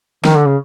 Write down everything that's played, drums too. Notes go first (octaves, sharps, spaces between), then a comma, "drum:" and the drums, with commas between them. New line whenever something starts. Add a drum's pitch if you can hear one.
D#3, drum: snare
D3
C#3